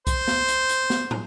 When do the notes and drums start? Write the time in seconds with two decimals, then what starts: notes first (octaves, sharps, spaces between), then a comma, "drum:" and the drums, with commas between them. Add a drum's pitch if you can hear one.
0.07 C5, drum: kick B1, hi-hat
0.28 drum: snare
0.48 drum: hi-hat
0.69 drum: hi-hat
0.90 drum: snare
1.11 drum: tom